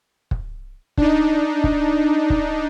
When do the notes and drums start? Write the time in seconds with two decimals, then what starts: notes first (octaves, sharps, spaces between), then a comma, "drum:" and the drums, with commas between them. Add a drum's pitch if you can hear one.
0.31 drum: kick
0.97 D4 D#4, drum: kick
1.64 drum: kick
2.30 drum: kick